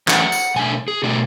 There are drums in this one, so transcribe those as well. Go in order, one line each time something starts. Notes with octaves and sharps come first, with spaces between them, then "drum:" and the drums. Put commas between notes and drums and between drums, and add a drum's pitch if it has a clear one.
E3 A3 C#4 F#5, drum: clap
drum: tambourine
B2 A3 D4 G#5
G#4
B2 A3 D4 F#4